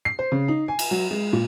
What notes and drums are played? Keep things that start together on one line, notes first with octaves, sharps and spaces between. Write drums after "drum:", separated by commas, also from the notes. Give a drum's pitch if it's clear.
C7
C5
C#3
D#4
G#5
drum: cymbal
F#3
G#3
A#2